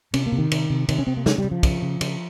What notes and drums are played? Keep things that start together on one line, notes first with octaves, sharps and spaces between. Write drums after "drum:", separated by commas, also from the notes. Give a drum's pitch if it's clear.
C3 C#4, drum: cymbal
A#3
C3
D#3
C3, drum: cymbal
C3
C3 D#3, drum: cymbal
C#4
C3 C4
A#3
C#3 G#3, drum: snare
G3
C#3
F3
C#3, drum: kick, cymbal
C#3
C#3, drum: cymbal